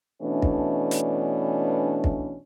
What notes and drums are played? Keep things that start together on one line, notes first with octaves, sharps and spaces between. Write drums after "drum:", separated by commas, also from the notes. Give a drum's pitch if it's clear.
B2 E3 A3 C#4 D4
drum: kick
drum: hi-hat
drum: kick